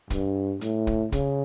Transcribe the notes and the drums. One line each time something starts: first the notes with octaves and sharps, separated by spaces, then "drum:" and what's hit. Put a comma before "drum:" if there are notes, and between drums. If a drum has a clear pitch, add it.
G2, drum: kick, hi-hat
A2, drum: hi-hat
drum: kick
C#3, drum: kick, hi-hat